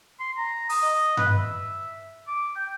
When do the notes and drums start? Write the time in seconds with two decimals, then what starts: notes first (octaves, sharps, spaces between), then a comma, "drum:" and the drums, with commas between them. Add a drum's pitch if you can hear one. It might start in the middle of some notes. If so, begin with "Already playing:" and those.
0.20 C6
0.37 A#5
0.69 D#6, drum: open hi-hat
0.82 D#5
1.17 B4, drum: tom G2
1.38 E5
2.27 D6
2.56 G5